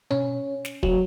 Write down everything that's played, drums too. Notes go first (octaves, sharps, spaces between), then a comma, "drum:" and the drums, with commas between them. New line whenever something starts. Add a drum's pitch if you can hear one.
C#4, drum: tom B2
drum: snare
F#3, drum: kick